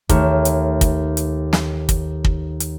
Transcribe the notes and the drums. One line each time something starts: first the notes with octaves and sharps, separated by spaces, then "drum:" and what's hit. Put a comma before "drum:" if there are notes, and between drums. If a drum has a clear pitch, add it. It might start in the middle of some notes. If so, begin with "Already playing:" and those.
D#2 A3 C#5 E5 F6, drum: kick, hi-hat
drum: hi-hat
drum: kick, hi-hat
drum: hi-hat
drum: snare
drum: kick, hi-hat
drum: kick
drum: hi-hat